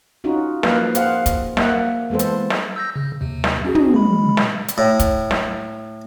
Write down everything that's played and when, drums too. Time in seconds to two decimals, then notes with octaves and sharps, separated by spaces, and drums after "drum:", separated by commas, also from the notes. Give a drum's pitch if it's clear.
0.24 C#4 D#4 F4 F#4
0.63 F3 A#3 B4 F5, drum: snare
0.95 G#4 C5 F5 F#5, drum: hi-hat
1.26 drum: kick, hi-hat
1.57 A#3 E5 F#5, drum: snare
2.10 E3 G#3 B3 A4 C5
2.19 drum: hi-hat
2.50 drum: snare
2.76 E6 G6 A#6
2.96 C#3
3.21 D#2 C3
3.44 drum: snare
3.65 C#4 F#4 G#4
3.75 drum: tom
3.94 G#3 B5
4.37 drum: snare
4.68 drum: hi-hat
4.78 A2
5.00 drum: kick, hi-hat
5.31 drum: snare